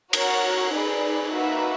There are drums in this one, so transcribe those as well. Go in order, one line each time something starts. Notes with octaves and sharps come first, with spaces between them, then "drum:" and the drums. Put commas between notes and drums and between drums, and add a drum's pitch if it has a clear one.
F#4 A#4 C#5 F#5, drum: cymbal
D#4 G#4 B4 D5
A#3 D#4 F#4 B4 E5